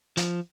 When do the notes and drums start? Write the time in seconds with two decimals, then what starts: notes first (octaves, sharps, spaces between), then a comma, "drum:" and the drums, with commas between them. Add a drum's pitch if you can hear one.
0.17 F3, drum: hi-hat